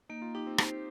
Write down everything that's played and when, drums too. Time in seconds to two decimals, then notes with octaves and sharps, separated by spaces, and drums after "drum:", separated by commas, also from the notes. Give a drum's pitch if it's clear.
0.09 A#3 D#4
0.22 F4
0.35 D#4 G4
0.47 C4
0.58 C5, drum: rim click